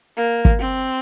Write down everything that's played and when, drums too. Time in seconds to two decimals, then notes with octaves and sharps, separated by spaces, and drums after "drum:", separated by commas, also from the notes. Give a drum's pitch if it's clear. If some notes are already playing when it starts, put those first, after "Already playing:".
0.17 A#3
0.45 drum: kick
0.60 C4